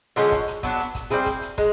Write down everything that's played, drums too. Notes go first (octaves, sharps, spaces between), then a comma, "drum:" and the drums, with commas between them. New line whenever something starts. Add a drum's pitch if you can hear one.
D3 F3 G#3 C#4, drum: hi-hat
drum: kick, hi-hat
drum: hi-hat
F#3 B3 D4, drum: kick, hi-hat
drum: hi-hat
drum: kick, hi-hat
G3 C4 E4 G#4, drum: hi-hat
drum: kick, hi-hat
drum: hi-hat
G#3, drum: kick, hi-hat